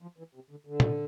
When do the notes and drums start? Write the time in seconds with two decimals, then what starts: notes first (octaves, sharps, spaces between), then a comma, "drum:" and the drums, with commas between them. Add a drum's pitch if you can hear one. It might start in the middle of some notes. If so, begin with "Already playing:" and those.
0.02 F3
0.18 E3
0.35 C3
0.51 D3
0.66 D3
0.80 drum: tom